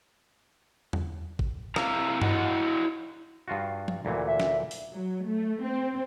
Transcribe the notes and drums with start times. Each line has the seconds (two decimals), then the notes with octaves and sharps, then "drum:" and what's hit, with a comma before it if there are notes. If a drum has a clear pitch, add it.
0.93 drum: tom E2
1.39 drum: kick G#1
1.76 C3 E4 F5 A#5, drum: rim click
2.22 E4 F#4 D#5 F#5, drum: tom G2
3.48 G2 F4 F#4
3.88 drum: tom F3
4.05 D2 A#2 E3
4.28 E5
4.40 drum: snare
4.71 drum: open hi-hat
4.92 F#3
5.26 A3
5.64 C4